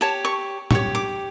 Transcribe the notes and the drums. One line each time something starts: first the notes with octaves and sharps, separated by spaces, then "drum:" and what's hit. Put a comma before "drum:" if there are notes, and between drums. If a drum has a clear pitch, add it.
G4 C#5 A5
C#6
G4 C#5 C#6, drum: tom A2
D6